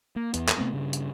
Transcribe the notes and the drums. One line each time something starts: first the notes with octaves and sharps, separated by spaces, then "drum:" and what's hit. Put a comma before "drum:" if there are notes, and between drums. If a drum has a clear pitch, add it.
A#3
E2 B3, drum: hi-hat
drum: clap
C3 A3 B3 C4
G2 C#3
drum: hi-hat